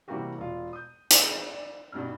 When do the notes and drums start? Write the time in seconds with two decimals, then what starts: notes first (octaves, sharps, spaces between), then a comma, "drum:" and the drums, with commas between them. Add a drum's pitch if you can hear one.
0.08 C3 E3 G3 A#3 F#4 G4
0.38 E1 F4
0.73 D#6 G6
1.11 drum: hi-hat
1.24 G#4
1.52 D5
1.92 G2 B2 G3 D#4 F6